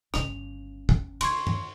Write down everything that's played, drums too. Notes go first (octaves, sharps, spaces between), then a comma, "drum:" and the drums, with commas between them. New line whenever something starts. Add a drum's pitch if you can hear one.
G1 C#3 F7, drum: rim click
drum: kick
D3 C6 C#6 G#6, drum: cymbal
drum: tom G2